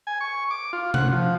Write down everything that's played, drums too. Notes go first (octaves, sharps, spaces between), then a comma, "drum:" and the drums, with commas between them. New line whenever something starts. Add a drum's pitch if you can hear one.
G#5
C#6
D6
F4
F#5, drum: tom C3
F3